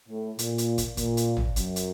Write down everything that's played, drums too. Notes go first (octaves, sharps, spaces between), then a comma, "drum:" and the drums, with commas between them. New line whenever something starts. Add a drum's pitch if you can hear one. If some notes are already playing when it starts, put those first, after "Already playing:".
A2
A#2, drum: hi-hat
drum: hi-hat
drum: kick, hi-hat
A#2, drum: kick, hi-hat
drum: hi-hat
drum: tom
F#2, drum: hi-hat
drum: hi-hat